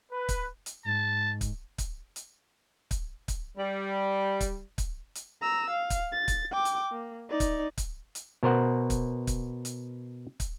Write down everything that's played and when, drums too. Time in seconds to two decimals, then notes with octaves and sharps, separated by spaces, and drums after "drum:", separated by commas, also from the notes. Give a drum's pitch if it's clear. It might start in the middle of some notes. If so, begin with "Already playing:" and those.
0.11 B4
0.29 drum: kick, hi-hat
0.66 drum: hi-hat
0.85 G#2 A5
1.41 drum: kick, hi-hat
1.78 drum: kick, hi-hat
2.16 drum: hi-hat
2.91 drum: kick, hi-hat
3.28 drum: kick, hi-hat
3.57 G3
4.41 drum: kick, hi-hat
4.78 drum: kick, hi-hat
5.15 drum: hi-hat
5.41 A#5 E6
5.70 F5
5.90 drum: kick, hi-hat
6.12 A6
6.28 drum: kick, hi-hat
6.51 G5 D6
6.65 drum: hi-hat
6.92 A#3
7.29 D#4 D5
7.40 drum: kick, hi-hat
7.78 drum: kick, hi-hat
8.15 drum: hi-hat
8.43 B2 A#4 C5 F#5
8.90 drum: kick, hi-hat
9.27 drum: kick, hi-hat
9.65 drum: hi-hat
10.40 drum: kick, hi-hat